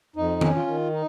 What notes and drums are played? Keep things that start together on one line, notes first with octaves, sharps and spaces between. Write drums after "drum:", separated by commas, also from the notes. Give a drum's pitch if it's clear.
F2 D#4
C#4, drum: tom D#3
F4
D#3
D#4